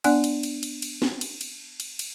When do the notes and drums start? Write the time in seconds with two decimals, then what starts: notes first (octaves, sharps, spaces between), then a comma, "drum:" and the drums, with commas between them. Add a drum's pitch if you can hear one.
0.04 B3 D4 D5 F#5 G#5 F#6, drum: cymbal
0.24 drum: cymbal
0.43 drum: cymbal
0.63 drum: cymbal
0.82 drum: cymbal
1.02 drum: snare
1.21 drum: cymbal
1.41 drum: cymbal
1.80 drum: cymbal
1.99 drum: cymbal